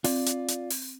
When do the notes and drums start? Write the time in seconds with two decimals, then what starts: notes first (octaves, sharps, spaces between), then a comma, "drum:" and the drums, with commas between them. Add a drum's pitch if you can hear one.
0.04 C4 F4 D5, drum: open hi-hat
0.26 drum: hi-hat
0.48 drum: hi-hat
0.70 drum: open hi-hat